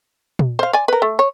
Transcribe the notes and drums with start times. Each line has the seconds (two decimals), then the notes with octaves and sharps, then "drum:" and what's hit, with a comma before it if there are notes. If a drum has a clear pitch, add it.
0.39 drum: tom A#2
0.59 C5 F5
0.73 D5 G#5
0.88 A#4 B4
1.02 A3
1.19 C#5